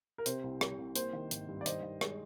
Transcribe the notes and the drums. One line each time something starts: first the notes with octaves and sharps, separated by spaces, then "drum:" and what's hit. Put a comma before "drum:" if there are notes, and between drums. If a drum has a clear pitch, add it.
A#4
C3 C5, drum: hi-hat
C2
G3, drum: rim click
C2
A#3 C5, drum: hi-hat
D#3
G#1, drum: hi-hat
G2
D5
D#3 C5 D#5, drum: hi-hat
D#3
G#3, drum: rim click